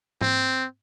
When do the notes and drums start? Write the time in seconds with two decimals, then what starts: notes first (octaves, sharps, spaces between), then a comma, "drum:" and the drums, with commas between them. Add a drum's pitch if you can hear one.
0.21 C4, drum: tom G#2